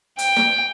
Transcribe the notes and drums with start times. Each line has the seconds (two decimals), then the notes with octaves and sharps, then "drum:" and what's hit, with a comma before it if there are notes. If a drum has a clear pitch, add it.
0.19 G5, drum: hi-hat
0.36 drum: snare